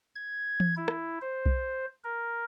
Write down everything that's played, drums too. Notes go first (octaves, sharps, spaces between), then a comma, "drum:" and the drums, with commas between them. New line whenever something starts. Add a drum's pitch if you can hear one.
G#6
drum: tom E3
E4
drum: rim click
C5
drum: kick B1
A#4